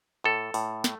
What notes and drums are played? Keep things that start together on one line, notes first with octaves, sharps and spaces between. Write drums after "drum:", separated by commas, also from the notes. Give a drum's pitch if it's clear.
A2 A4
A2, drum: open hi-hat
A3, drum: snare